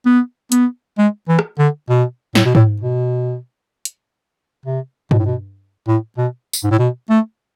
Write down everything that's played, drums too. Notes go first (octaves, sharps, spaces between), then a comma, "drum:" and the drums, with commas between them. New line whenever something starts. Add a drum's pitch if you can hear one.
B3
B3, drum: hi-hat
G#3
E3
drum: rim click
D3
B2
A2, drum: snare
B2
A2, drum: tom G#2
B2
drum: hi-hat
C3
B2, drum: tom G2
A2
B2
A2
B2
drum: tambourine
G#2
A2
B2
A3